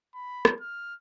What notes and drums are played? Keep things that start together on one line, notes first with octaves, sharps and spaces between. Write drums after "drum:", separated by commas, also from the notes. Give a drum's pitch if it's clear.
B5
drum: rim click
F6